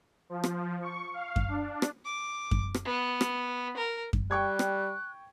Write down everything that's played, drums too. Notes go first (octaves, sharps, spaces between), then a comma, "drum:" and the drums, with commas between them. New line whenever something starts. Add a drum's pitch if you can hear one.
F3
drum: rim click
C#6
F5
drum: kick F#2
D4
drum: rim click
D6
drum: kick F#2
drum: rim click
B3
drum: rim click
A#4
drum: kick F#2
G3 G5 C#6 F#6 G#6
drum: rim click